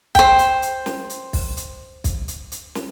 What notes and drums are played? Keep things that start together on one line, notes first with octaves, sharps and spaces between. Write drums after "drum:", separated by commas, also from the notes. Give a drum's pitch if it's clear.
C5 G5, drum: kick, hi-hat
drum: hi-hat
drum: hi-hat
drum: snare
drum: hi-hat
drum: kick, open hi-hat
drum: hi-hat
drum: kick, hi-hat
drum: hi-hat
drum: hi-hat
drum: snare